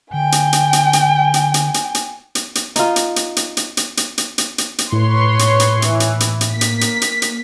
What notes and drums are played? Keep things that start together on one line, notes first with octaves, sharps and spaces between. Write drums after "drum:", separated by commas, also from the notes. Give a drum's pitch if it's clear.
D3 G5 G#5
drum: hi-hat
drum: hi-hat
drum: hi-hat
drum: hi-hat
drum: hi-hat
drum: hi-hat
drum: hi-hat
drum: hi-hat
drum: hi-hat
drum: hi-hat
D#4 F4, drum: hi-hat
drum: hi-hat
drum: hi-hat
drum: hi-hat
drum: hi-hat
drum: hi-hat
drum: hi-hat
drum: hi-hat
drum: hi-hat
drum: hi-hat
drum: hi-hat
A2 B4 C#5 C6
drum: hi-hat
drum: hi-hat
E3, drum: hi-hat
drum: hi-hat
drum: hi-hat
drum: hi-hat
A#3 B6
drum: hi-hat
drum: hi-hat
drum: hi-hat
drum: hi-hat